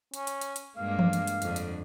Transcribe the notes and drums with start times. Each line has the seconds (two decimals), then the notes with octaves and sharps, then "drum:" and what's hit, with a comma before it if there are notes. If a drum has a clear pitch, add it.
0.14 C#4, drum: hi-hat
0.27 drum: hi-hat
0.41 drum: hi-hat
0.56 drum: hi-hat
0.77 G2 G#3 A#3 F5
0.99 drum: tom E3
1.13 drum: hi-hat
1.27 drum: hi-hat
1.42 F2 D3, drum: hi-hat
1.56 drum: hi-hat